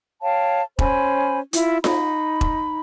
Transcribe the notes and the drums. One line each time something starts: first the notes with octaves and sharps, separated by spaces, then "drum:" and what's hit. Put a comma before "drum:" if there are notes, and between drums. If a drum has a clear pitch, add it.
C#5 F5 G5 A5
C#4 C5 G#5 B5, drum: kick E1
E4 F4, drum: hi-hat
D#4 B5, drum: snare F4
drum: kick E1